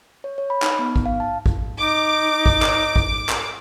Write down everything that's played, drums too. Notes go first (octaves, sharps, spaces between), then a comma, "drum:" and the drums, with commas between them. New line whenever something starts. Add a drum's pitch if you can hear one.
C#5
C#5
B5
D#4, drum: clap
B3
drum: kick A1
F5
A5
drum: kick A1
D#4 D6
drum: kick A1
drum: clap
drum: kick A1
drum: clap